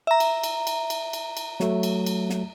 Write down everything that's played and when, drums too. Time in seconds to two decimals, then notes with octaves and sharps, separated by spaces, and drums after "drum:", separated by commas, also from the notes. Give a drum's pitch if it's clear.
0.07 E5 A#5
0.20 drum: cymbal
0.44 drum: cymbal
0.67 drum: cymbal
0.90 drum: cymbal
1.13 drum: cymbal
1.37 drum: cymbal
1.60 F#3 A3, drum: snare
1.83 drum: cymbal
2.06 drum: cymbal
2.30 drum: snare